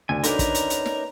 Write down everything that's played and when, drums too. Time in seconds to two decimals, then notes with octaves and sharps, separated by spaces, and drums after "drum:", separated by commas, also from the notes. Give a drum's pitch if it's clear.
0.09 D2 G#5
0.23 D3 C#4 D#4 A#4 B4 D5 A#5, drum: hi-hat
0.39 drum: kick, hi-hat
0.55 drum: hi-hat
0.70 drum: hi-hat
0.86 drum: snare